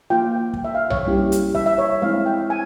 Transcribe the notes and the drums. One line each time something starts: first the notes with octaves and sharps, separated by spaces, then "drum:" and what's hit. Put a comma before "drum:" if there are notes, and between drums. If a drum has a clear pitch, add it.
A#3 F4 G5
drum: kick
E5
F5
C#5, drum: tom B1
G3 A#3 C#4 E4 G4
drum: hi-hat
E5, drum: kick
E5
C#5
G#3 C4 E4 F5
G5
G#5